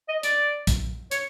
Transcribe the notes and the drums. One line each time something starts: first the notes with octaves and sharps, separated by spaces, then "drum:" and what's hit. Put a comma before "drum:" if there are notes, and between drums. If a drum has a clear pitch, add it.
D#5
D5, drum: hi-hat
drum: kick A#1, hi-hat
C#5, drum: hi-hat